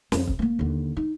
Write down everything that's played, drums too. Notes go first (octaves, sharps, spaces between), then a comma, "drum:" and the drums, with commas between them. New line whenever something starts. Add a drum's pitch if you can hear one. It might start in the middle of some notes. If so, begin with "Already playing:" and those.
F2, drum: snare
drum: kick C#1
A#3 B3
D#2 D3
D#4